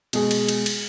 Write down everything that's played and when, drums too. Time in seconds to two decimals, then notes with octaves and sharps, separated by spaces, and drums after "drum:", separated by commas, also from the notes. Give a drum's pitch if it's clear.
0.13 B2 G#3 G#4, drum: cymbal
0.31 drum: cymbal
0.48 drum: cymbal
0.66 drum: cymbal